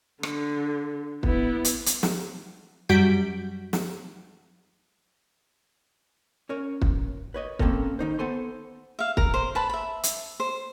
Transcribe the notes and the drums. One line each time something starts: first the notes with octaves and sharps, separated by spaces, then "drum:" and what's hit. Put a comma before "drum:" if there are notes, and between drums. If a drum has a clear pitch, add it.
D3, drum: rim click
B3 E4, drum: kick
drum: hi-hat
drum: hi-hat
drum: snare
F#2 G3 F#4 G6 B6 D7
drum: snare
C#4 A#4 C#5
drum: kick
B4 C#5 D#5
A#3 C4 C#4 A4 A#4, drum: kick
D#3 D#4 C5
B3 A4 C5 G#5 C6
E5 F5
A#4, drum: kick
C5
B4 A5 B5
E5 B5
drum: hi-hat
C5